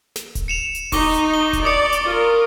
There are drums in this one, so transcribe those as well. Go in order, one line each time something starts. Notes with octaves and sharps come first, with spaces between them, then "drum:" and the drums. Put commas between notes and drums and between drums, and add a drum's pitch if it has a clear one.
drum: snare
drum: kick D#1, hi-hat
C#7 E7 F7
drum: hi-hat
D#4 C#6 D6 G7, drum: kick D#1, open hi-hat
drum: hi-hat
G7
drum: kick D#1, hi-hat
D5 D#6 C#7
drum: hi-hat
F4 A#4